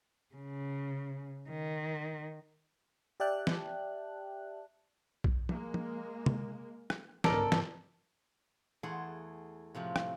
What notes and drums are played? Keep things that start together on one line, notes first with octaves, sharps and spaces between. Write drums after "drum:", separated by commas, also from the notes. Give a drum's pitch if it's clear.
C#3
D#3
G4 D5 E5 G5 A5 F#6
drum: snare
drum: kick
G#3 A#3, drum: tom
drum: tom
drum: tom C3
drum: rim click
G1 C#2 G#2 A4 A#4 D5, drum: snare
drum: snare
E2 A3 G#4 A4 F#5 C6
A2 C3 F3
drum: rim click